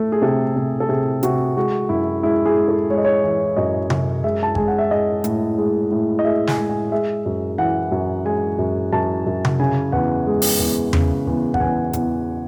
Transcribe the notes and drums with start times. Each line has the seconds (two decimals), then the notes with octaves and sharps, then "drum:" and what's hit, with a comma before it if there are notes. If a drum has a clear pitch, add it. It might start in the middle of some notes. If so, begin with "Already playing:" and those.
Already playing: A3
0.12 G#4
0.22 C3 A4
0.56 C3
0.80 A4
0.89 C3 G#4
1.23 C3 F#4, drum: hi-hat
1.57 G#3 F#4
1.89 F#2 E4
2.23 G#3 E4
2.46 G#4
2.57 G#3
2.68 A4
2.90 G#3 C#5
2.98 D#5
3.05 C#5
3.24 E3
3.57 F#2 D#5
3.90 F#2, drum: tom C3
4.24 G#3 E5
4.43 A5
4.55 G#3 G#5, drum: kick G#1
4.68 F#5
4.79 E5
4.91 G#3 D#5
5.24 A2, drum: hi-hat
5.58 G#3
5.91 A2
6.19 D#5
6.24 G#3 E5
6.47 G#5, drum: snare
6.58 G#3
6.69 G#5
6.92 G#3 E5
7.26 F#2
7.58 E3 F#5
7.92 F#2
8.25 G#3 G#5
8.59 F#2
8.93 F#2 A5
9.27 F#2
9.45 drum: tom C3
9.59 C#3 G#5
9.92 E2 F#5
10.27 G#3
10.42 drum: open hi-hat
10.59 E2
10.93 C#3, drum: tom E2
11.27 E2
11.54 F#5, drum: kick G#1
11.60 E2 G#5
11.93 E2, drum: hi-hat